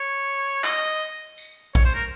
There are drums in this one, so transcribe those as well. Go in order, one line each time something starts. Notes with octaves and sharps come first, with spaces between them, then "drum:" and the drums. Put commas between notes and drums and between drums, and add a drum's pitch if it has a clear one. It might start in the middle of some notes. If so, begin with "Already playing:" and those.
Already playing: C#5
D#5, drum: clap
drum: tambourine
C#5, drum: kick A#1
C5
A#4